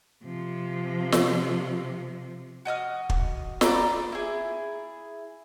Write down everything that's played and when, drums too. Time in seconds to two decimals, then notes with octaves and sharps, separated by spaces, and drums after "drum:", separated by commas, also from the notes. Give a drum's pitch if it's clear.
0.24 C3 F3
1.12 drum: snare
2.65 F#4 D#5 D#6 F6
3.10 drum: kick
3.61 D5 A#5 B5, drum: snare
4.12 E4 G#4